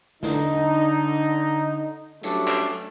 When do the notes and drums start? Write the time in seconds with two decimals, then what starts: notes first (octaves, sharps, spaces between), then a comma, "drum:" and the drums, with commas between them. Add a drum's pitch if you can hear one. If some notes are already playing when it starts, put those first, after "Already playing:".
0.23 D3 D#4, drum: snare
2.23 F#3 G3 A3 C#4 D4 G4, drum: hi-hat
2.48 drum: clap